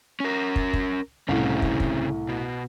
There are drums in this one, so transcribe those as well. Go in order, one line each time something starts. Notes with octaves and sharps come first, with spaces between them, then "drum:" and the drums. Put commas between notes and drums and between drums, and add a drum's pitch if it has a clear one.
C#4 A#4
drum: kick
drum: kick
C2 A2 C#3 C4 C#4
drum: kick
drum: kick
B2